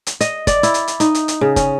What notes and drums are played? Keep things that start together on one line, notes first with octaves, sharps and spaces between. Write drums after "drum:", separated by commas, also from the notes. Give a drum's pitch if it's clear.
drum: hi-hat
D#5, drum: hi-hat
D5, drum: kick G1, hi-hat
E4, drum: hi-hat
drum: hi-hat
drum: hi-hat
D#4, drum: hi-hat
drum: hi-hat
drum: hi-hat
C#3
C#4, drum: kick G1, hi-hat